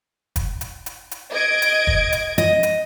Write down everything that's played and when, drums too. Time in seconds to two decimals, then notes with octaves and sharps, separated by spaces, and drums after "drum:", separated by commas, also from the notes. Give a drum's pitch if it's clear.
0.36 drum: kick, hi-hat
0.61 drum: hi-hat
0.86 drum: hi-hat
1.11 drum: hi-hat
1.32 D#5 G#6 D7
1.62 drum: hi-hat
1.87 drum: kick
2.13 drum: hi-hat
2.38 D#5, drum: hi-hat
2.63 drum: hi-hat